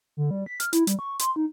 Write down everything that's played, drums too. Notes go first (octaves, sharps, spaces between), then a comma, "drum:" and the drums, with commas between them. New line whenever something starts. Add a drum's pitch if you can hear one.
D3
G3
B6
F6, drum: hi-hat
E4, drum: hi-hat
G3, drum: hi-hat
C#6
C6, drum: hi-hat
D#4